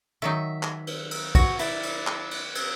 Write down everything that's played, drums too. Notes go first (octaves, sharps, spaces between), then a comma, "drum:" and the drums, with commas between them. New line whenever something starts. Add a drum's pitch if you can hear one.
D#3 F#3 D#4 E5
drum: clap
drum: cymbal
drum: cymbal
F#4, drum: kick, cymbal
E4 D5, drum: cymbal
drum: cymbal
drum: clap
drum: cymbal
drum: cymbal